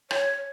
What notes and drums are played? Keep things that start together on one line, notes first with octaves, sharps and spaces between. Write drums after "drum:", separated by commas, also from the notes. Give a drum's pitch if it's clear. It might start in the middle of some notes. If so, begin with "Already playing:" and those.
C#5, drum: rim click